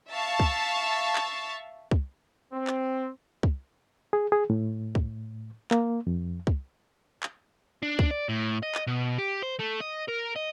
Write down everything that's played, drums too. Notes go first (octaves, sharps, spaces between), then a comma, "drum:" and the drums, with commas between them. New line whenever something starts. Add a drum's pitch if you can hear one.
E5 F5 A5 C#6 A6
drum: kick
drum: clap
drum: kick
C4
drum: clap
drum: kick
G#4
G#4
A2
drum: kick
A#3, drum: clap
F2
drum: kick
drum: clap
D4
drum: kick
D5
A2
D#5
drum: clap
B2
G4
C5
A3
D#5
A#4
D#5